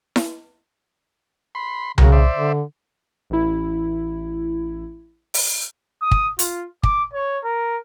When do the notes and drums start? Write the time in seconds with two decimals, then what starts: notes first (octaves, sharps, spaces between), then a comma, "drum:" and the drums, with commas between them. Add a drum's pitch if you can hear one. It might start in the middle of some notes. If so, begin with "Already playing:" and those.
0.16 drum: snare E4
1.55 B5 C6
1.98 C#3 F#3 A#4, drum: tom C2
2.12 C5 D5 E5
2.35 D3
3.30 A1 E4
5.34 drum: open hi-hat
6.02 D#6
6.11 drum: kick
6.39 F4, drum: hi-hat
6.83 D6, drum: kick
7.13 C#5
7.44 A#4